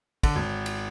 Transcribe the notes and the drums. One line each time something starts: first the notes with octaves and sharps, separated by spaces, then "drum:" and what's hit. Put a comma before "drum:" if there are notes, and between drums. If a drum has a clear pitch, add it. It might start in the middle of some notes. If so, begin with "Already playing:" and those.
D3, drum: kick, cymbal
G#1
drum: cymbal